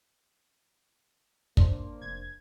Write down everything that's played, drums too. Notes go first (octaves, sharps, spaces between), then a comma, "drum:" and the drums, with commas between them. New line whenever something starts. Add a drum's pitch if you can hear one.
A#3 D4 C5, drum: kick
F1 G#6